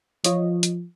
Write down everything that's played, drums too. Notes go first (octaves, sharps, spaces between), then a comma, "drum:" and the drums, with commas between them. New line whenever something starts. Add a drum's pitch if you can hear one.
F3 F4 C#5 D#5, drum: hi-hat
drum: hi-hat